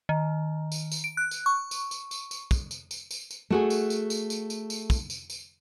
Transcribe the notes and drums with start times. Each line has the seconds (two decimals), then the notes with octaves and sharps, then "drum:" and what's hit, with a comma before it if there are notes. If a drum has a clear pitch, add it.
0.09 D#3
0.72 drum: tambourine
0.92 drum: tambourine
1.04 D7
1.17 F#6
1.31 drum: tambourine
1.46 C#6
1.71 drum: tambourine
1.91 drum: tambourine
2.11 drum: tambourine
2.31 drum: tambourine
2.51 drum: kick, tambourine
2.71 drum: tambourine
2.91 drum: tambourine
3.11 drum: tambourine
3.31 drum: tambourine
3.50 A3 F#4 G#4
3.70 drum: tambourine
3.90 drum: tambourine
4.10 drum: tambourine
4.30 drum: tambourine
4.50 drum: tambourine
4.70 drum: tambourine
4.90 drum: kick, tambourine
5.10 drum: tambourine
5.30 drum: tambourine